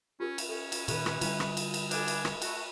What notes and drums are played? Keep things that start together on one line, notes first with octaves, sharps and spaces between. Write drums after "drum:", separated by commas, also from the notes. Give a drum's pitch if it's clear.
C#4 F4 G4 A#4
drum: cymbal
C#4 A4
drum: cymbal
A#2 D#3 G4 A4 B4 D#5, drum: cymbal
drum: rim click
D3 G3 E4, drum: cymbal
drum: rim click
drum: cymbal
drum: cymbal
D4 A4 B4 G#5, drum: cymbal
drum: cymbal
drum: rim click
A3 F#4, drum: cymbal